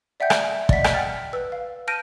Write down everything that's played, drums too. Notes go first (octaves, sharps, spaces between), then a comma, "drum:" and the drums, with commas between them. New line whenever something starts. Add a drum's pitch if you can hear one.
D5 E5 F#5 G5 G6
drum: rim click
D5 D#5 F#5 B6, drum: kick
drum: rim click
F#5 G5 F6 A6
B4 E6
F5
A5 F6 G6 A#6 D7 D#7